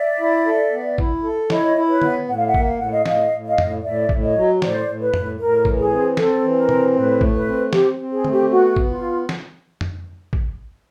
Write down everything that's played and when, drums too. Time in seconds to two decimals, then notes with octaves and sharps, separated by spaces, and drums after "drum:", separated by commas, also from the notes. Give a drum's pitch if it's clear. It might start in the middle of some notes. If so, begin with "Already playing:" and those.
Already playing: D5 E5
0.20 E4
0.46 A4
0.72 B3
0.98 E4, drum: kick
1.24 A4
1.50 E4 C#5 D#5, drum: snare
1.76 E4
1.89 B4 C#5
2.02 B3, drum: tom
2.28 A2 F#5
2.37 F5
2.46 E5 F#5
2.54 A#3, drum: kick
2.66 F5
2.79 A2 F#5
2.92 D#5 F5
3.06 A2 D#5 F5, drum: snare
3.31 A2
3.44 D#5 F5
3.58 A2, drum: tom F2
3.83 A2 D5 E5
4.09 A2, drum: kick
4.22 C#5 D#5
4.36 F#3
4.62 A2 C5 D5, drum: snare
4.87 A2
5.00 B4
5.14 A2, drum: tom F2
5.39 A2 A#4
5.65 E3, drum: kick
5.79 G#4
5.91 C4
6.17 C4 A4, drum: snare
6.43 E3
6.56 A#4
6.69 C4, drum: tom B2
6.95 A2 B4
7.21 A3, drum: kick
7.34 B4
7.47 C4
7.73 C4 G4, drum: snare
7.99 C4
8.12 G#4
8.25 A3, drum: tom
8.31 G4
8.51 B3 F#4
8.76 B3, drum: kick
8.90 F4
9.29 drum: snare
9.81 drum: tom F2
10.33 drum: kick